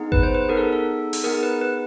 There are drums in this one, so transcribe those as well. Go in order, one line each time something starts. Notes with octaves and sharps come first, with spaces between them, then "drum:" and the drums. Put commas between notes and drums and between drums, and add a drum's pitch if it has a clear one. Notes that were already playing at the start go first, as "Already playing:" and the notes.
Already playing: B3 D#4 G#4
B4, drum: kick G#1
C5
B4
B3 D#4 G#4 A#4
A4
A4
drum: open hi-hat
B3 D#4 G#4 A#4
B4
B4